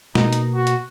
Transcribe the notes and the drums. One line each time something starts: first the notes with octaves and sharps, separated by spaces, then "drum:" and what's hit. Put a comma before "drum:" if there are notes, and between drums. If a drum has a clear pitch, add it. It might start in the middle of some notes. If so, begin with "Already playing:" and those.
B2 A#3 D#4, drum: snare
drum: hi-hat
F#4
drum: hi-hat